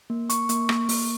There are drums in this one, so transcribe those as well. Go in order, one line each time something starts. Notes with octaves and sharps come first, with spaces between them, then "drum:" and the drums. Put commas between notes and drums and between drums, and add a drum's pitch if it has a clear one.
A#3
A#3 C#6, drum: hi-hat
A#3, drum: hi-hat
A#3, drum: rim click
A#3, drum: open hi-hat